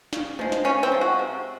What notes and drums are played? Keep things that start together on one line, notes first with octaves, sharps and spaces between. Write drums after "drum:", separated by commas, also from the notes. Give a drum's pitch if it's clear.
C#3, drum: snare
F3 G#3, drum: tom G#3
drum: snare
C#3 C#4
C4
F3 G#3
F#4
C3